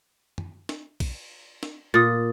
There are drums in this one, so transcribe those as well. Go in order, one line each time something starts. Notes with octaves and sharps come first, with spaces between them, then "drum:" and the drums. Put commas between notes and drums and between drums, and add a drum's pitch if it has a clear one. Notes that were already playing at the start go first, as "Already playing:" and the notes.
drum: tom F#2
drum: snare D4
drum: kick A#1, cymbal
drum: snare D4
A#2 D#6 A6